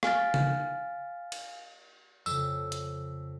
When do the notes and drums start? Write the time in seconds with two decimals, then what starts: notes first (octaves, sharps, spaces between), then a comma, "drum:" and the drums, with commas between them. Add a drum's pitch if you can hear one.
0.03 F5 G#5 F6 A6, drum: rim click
0.34 drum: tom C#3
1.32 drum: cymbal
2.26 F2 C#3 E6, drum: tambourine
2.72 drum: hi-hat